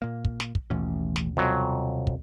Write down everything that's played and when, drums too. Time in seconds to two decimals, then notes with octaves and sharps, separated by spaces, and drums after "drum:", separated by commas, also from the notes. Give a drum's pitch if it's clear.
0.02 A#2 A#3
0.25 drum: kick
0.40 drum: snare
0.55 drum: kick
0.70 A1 D#2 B2 C#4
1.16 drum: snare
1.37 F2 C3 F#3 G3
2.07 drum: kick